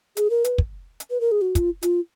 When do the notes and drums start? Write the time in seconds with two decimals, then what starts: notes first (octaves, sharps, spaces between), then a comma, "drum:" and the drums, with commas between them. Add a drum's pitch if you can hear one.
0.17 G#4, drum: hi-hat
0.30 A#4
0.44 B4, drum: hi-hat
0.58 drum: kick
1.00 drum: hi-hat
1.10 B4
1.21 A#4
1.32 G#4
1.42 F#4
1.55 F4, drum: kick, hi-hat
1.83 F4, drum: hi-hat